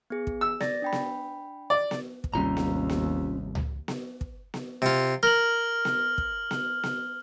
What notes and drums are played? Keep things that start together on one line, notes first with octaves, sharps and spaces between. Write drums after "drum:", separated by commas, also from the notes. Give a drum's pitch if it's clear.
B3 G#4
drum: kick
E6
D5 A6 A#6, drum: snare B3
D4 G5 B5
drum: snare B3
D5
drum: snare B3
drum: kick
G#1 D#2 C3 G3 C#4 F4 A#5
drum: snare B3
drum: snare B3
drum: tom C#2
drum: snare B3
drum: kick
drum: snare B3
C3 F4
A#4 F6 F#7
drum: snare B3
drum: kick
drum: snare B3
drum: snare B3